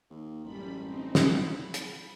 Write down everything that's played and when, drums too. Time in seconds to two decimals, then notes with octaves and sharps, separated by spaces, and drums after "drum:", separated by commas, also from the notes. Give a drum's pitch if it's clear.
0.10 D#2
0.44 A1 F#2 G3 B5
0.85 C4 D#4
1.15 drum: snare
1.50 B5
1.74 drum: hi-hat